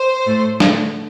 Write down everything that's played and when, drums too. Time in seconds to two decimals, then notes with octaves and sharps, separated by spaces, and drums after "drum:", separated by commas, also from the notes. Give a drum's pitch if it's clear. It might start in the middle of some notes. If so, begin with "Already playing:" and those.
Already playing: C5
0.26 A2 A3
0.60 D3 A3, drum: snare